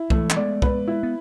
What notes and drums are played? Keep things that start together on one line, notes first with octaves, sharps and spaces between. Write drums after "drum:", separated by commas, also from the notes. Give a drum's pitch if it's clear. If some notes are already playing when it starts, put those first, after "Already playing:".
Already playing: E4
E3 G#3 A3, drum: kick
C#4, drum: clap
G#3 B3 D5
B4, drum: kick
E4
B3